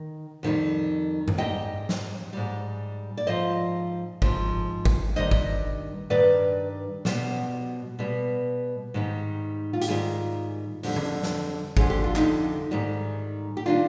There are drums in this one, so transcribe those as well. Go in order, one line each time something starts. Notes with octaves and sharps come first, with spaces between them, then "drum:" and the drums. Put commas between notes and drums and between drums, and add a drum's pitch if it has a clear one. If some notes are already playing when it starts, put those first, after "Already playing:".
Already playing: D#3
F2 D#3 G3
drum: tom F#2
G#2 G3 D#5 G5
drum: snare
G#2 G3
D5
G#2 F3 C5 D#5
G#2 F3, drum: kick G#1
drum: kick G#1
G2 D#3 G3 C5 D#5
drum: kick G#1
G2 D#3 G3 B4 D5
B2 G3, drum: snare
B2 G3
G#2 D#3 G3
F4
G4, drum: hi-hat
G#2 D#3 G3 F4 G#4
F2 D3 G3, drum: open hi-hat
drum: tom D3
drum: snare
F2 D3 G3 G#4, drum: kick G#1
G4
F4
D#4 G4, drum: clap
G#2 D#3 G3
G4
D#3 G3 D4 F4